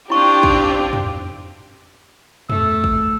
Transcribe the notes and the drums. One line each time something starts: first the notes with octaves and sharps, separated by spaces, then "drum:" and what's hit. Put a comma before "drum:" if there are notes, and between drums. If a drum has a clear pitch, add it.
C4 D4 E4 F4 G4 C#6
D#4, drum: kick
drum: tom
A3 E6, drum: tom
drum: kick